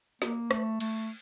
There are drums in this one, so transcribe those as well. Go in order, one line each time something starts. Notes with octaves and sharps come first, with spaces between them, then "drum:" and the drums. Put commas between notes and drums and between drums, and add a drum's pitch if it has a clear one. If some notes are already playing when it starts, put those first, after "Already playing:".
A#3, drum: snare
A3, drum: rim click
A3, drum: cymbal